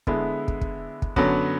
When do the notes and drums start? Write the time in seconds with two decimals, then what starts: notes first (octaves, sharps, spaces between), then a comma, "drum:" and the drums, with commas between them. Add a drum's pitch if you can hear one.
0.07 D3 G#3 B3 E4, drum: kick
0.48 drum: kick
0.61 drum: kick
1.02 drum: kick
1.16 F#2 D3 F#3 B3 F#4, drum: kick